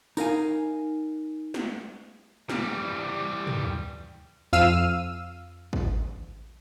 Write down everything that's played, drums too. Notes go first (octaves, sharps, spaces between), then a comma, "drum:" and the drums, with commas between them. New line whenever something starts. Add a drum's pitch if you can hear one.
D#4 A#4 F5 G#5, drum: tambourine
drum: snare
E3 G3, drum: snare
drum: tom
F2 F5 E6 F6 D#7
drum: kick